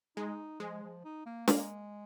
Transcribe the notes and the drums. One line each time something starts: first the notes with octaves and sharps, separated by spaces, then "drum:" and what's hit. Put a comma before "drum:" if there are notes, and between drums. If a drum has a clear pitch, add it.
G#3 D#4
F3 G#3
F3
D#4
A#3
G#3 A#3, drum: snare